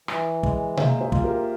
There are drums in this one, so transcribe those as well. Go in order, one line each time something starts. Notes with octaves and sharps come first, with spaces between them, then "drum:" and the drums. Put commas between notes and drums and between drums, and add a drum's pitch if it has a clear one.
E3, drum: rim click
G#3, drum: kick
A#3 C5 E5, drum: tom B2
G#4 C5
F4, drum: kick
G4 A#4